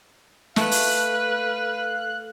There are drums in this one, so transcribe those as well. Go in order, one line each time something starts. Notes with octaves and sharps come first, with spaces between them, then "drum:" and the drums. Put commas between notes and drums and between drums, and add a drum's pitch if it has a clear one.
A3 B4 F5 F#6, drum: snare
drum: open hi-hat